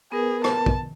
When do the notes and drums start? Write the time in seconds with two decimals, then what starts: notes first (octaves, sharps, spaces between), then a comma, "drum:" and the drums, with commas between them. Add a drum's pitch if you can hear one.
0.12 B3 G#4 A#4 B4
0.44 A5, drum: rim click
0.66 drum: kick